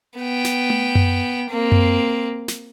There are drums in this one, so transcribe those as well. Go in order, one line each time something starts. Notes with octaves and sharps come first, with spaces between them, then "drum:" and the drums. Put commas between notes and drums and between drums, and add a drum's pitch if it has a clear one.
B3 G5
drum: snare
drum: tom A3
drum: tom F#2
A#3 C4
drum: tom F#2
drum: snare